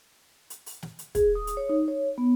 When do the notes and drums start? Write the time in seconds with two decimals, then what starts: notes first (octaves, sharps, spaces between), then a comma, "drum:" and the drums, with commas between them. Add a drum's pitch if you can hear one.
0.50 drum: hi-hat
0.66 drum: open hi-hat
0.82 drum: snare
0.99 drum: hi-hat
1.15 G#4, drum: kick, hi-hat
1.35 D#6
1.47 drum: hi-hat
1.57 C#5
1.69 D#4
1.88 C#5
2.18 B3